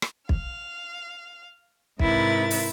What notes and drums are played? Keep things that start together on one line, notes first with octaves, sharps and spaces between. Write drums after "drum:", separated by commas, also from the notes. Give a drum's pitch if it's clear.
drum: rim click
F5, drum: kick
G#2 C3 E4 A#4 B4 A6, drum: kick
drum: open hi-hat